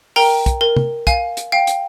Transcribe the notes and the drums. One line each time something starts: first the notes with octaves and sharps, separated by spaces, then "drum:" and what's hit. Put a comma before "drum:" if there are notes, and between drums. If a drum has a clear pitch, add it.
A#4 G5 A#5, drum: open hi-hat
drum: kick, hi-hat
A#4
drum: tom
F5 G#5, drum: kick, hi-hat
drum: hi-hat
F5 G5
drum: hi-hat